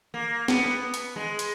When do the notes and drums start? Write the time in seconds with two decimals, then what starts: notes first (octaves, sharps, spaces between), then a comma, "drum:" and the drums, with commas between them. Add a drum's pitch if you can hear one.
0.14 A#3
0.48 B3, drum: snare
0.94 drum: hi-hat
1.16 G#3
1.39 drum: hi-hat